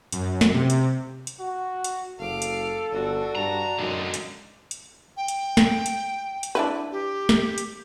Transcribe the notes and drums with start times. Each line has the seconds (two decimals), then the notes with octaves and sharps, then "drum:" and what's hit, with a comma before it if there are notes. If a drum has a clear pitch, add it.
0.12 F#2, drum: hi-hat
0.41 drum: snare
0.54 C3
0.70 drum: hi-hat
1.27 drum: hi-hat
1.40 F#4
1.84 drum: hi-hat
2.19 F#1 A4 F5 D6
2.42 drum: hi-hat
2.92 G1 D4 F#4
3.35 G2 A5 A#5
3.79 F#2 D3 G#3 D#4
4.14 drum: hi-hat
4.71 drum: hi-hat
5.17 G5
5.28 drum: hi-hat
5.57 drum: snare
5.86 drum: hi-hat
6.43 drum: hi-hat
6.55 D4 E4 B4
6.92 G4
7.29 drum: snare
7.58 drum: hi-hat